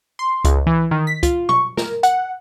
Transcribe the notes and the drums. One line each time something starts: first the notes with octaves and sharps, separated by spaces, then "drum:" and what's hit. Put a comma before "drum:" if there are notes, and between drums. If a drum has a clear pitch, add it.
C6
C#2, drum: kick, hi-hat
E3
D#3
B6
F4, drum: kick, hi-hat
C#6, drum: tom B2
A#4, drum: snare
F#5, drum: hi-hat